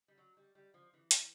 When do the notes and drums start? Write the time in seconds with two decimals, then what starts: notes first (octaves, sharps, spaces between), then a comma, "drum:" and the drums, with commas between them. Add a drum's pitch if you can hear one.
0.08 G3
0.18 F#3
0.37 G3
0.55 G3
0.74 F3
0.93 E3
1.11 drum: hi-hat